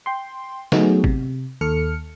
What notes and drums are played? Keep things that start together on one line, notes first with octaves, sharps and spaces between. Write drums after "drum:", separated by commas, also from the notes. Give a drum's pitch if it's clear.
G5 C6
F#3 A3 B3 D#4 F#4 G#4, drum: snare
C3, drum: kick
D#2 A4 F6 C#7